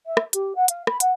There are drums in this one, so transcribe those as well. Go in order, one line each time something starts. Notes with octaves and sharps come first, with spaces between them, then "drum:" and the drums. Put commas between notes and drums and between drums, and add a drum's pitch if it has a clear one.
E5
drum: rim click
G4, drum: hi-hat
F#5
F5, drum: hi-hat
B5, drum: rim click
F#5, drum: hi-hat